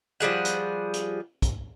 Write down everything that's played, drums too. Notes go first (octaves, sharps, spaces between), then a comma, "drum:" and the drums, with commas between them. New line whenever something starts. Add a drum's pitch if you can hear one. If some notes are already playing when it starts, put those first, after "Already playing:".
F3 G3 G#4 F#5
drum: hi-hat
drum: hi-hat
drum: kick, hi-hat